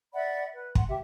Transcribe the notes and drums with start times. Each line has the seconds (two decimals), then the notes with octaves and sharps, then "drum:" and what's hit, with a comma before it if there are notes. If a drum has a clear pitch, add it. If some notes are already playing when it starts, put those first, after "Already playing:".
0.14 D5 E5 F#5 B5
0.54 B4
0.75 F#5 C6, drum: kick
0.88 G4 E5